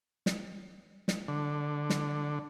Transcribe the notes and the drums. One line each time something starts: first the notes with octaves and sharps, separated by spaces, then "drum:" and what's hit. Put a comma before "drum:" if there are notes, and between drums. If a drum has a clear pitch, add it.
drum: snare
drum: snare
D3
drum: snare